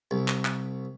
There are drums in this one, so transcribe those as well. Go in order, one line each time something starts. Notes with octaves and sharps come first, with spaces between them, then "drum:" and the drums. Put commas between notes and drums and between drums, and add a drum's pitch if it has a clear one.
C2
drum: clap
drum: clap